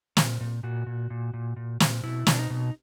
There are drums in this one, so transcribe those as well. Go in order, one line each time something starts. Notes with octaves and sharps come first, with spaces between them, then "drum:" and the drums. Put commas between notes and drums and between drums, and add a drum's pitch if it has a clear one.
A#2, drum: snare
A#2
A#2 F#4
A#2
A#2
A#2
A#2
A#2, drum: snare
B2 E4
B2 D4, drum: snare
D#4
B2